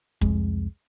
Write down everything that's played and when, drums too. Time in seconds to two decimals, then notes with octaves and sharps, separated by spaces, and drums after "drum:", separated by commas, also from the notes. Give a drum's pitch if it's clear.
0.21 C2 F2 G#3, drum: kick